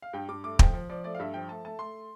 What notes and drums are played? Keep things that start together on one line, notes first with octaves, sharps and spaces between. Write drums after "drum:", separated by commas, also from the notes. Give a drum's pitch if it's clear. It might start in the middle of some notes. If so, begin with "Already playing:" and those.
F5
G2 G5
G2 D6
A3 D6
F3 G5, drum: kick
F3
F3 D5
A3 D5
F5
G2 E5
F3 G5
A3 A5
A3 A5
A3 C6